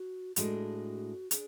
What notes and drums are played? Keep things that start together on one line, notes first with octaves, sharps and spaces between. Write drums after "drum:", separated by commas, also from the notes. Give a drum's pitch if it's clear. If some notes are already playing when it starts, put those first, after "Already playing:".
Already playing: F#4
A2 G#3 D4 F#4, drum: hi-hat
D4 G#4, drum: hi-hat